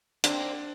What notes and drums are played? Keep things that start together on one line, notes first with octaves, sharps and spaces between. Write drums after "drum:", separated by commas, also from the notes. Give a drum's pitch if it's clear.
A#3 C4 D4, drum: hi-hat